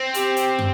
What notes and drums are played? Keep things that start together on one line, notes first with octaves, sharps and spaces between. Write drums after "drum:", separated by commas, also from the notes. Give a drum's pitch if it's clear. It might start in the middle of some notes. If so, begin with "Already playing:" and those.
Already playing: C4
G4, drum: hi-hat
drum: hi-hat
drum: tom